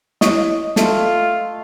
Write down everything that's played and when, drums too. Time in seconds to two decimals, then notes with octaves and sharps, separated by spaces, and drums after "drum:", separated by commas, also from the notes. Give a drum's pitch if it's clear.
0.21 E4 C#5 D#5, drum: snare
0.76 A3 F4, drum: snare